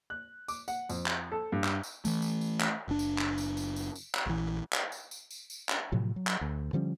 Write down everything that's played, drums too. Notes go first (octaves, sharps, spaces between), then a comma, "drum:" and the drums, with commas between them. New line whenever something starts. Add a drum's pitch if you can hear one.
F#6
D6, drum: tambourine
F#5, drum: tambourine
F2, drum: tambourine
drum: clap
A4
G2
drum: clap
drum: tambourine
E3 A3, drum: tambourine
drum: tambourine
drum: tambourine
drum: clap
F#1 D4
drum: tambourine
drum: clap
drum: tambourine
drum: tambourine
drum: tambourine
drum: tambourine
drum: clap
A#1 E3
drum: clap
drum: tambourine
drum: tambourine
drum: tambourine
drum: tambourine
drum: clap
A2 C3 F3 F#3
F#3
drum: clap
D2
D3 F3 G3 C#4